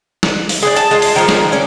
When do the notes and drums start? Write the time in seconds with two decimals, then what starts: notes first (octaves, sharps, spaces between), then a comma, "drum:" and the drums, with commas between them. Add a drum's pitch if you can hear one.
0.23 drum: snare
0.49 drum: open hi-hat
0.63 G#4 B4 D5
0.76 A5, drum: hi-hat
0.91 G#3 F4
1.02 drum: open hi-hat
1.16 D#3 F3 G#3
1.29 drum: snare
1.52 C#4 D5